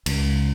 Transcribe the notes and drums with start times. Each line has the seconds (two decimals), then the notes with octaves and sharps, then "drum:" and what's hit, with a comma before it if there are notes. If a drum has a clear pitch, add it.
0.06 C#2, drum: cymbal